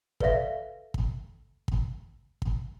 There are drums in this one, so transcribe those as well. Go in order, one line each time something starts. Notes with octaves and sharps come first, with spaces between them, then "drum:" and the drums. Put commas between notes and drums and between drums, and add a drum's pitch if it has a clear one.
A4 B4 D5 E5 F5 A#6, drum: kick
drum: kick
drum: kick
drum: kick